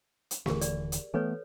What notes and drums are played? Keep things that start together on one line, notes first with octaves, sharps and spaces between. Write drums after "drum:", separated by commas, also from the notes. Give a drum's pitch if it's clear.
drum: hi-hat
D#1 D3 E3 G4 G#4 A#4, drum: snare
D5, drum: hi-hat
drum: hi-hat
E3 A3 B3 A4 B4 C#5